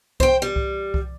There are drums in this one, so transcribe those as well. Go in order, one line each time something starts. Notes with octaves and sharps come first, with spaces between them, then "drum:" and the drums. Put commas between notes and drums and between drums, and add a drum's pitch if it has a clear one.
C5 G5, drum: kick C2
G3
drum: kick C2
drum: kick C2